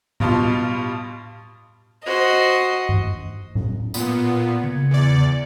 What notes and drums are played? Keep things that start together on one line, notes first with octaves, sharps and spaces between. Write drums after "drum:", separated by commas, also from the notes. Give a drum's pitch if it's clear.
G2 B2 F4 A5 C6, drum: tom A2
F#4 C5 D#5
drum: tom G2
drum: tom A2
A#2 B3, drum: tambourine
C#3
E2 D5